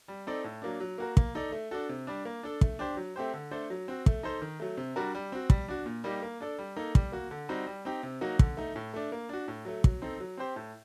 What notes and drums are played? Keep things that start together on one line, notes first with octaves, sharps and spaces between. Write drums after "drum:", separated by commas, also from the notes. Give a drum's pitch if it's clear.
G3
C4 D#4 A4 D5
A2
F#3 A#3 D4
F#3
A#3 F#4 A#4
A#3, drum: kick
D#4 A4 D5
A3
D4 F#4 A4
C3
G3 D4
A#3
D4 A4
A3, drum: kick
D4 G4 C5
F#3
A3 C4 G4 C5
D3
A3 D4 A4 C5
F#3
C4 F#4
A3, drum: kick
D#4 A4 C5
D#3
F#3 A3
C3
G3 D4 F#4 A#4
G3
C4 F#4
G3, drum: kick
D4 F#4
A#2
G3 A#3 D#4 G4
A#3
D4 A4 D5
G3
A#3 D#4 A4
G3, drum: kick
A#3 F#4
D3
G3 C4 D#4 F#4
G3
C4 D#4 G4
C3
F#3 A#3 D#4 F#4
D3, drum: kick
A3 D#4
A2
A3 D4
A#3
D4 F#4
A2
F#3 A3
F#3, drum: kick
C4 D#4 A4
F#3
C4 G4 C5
A2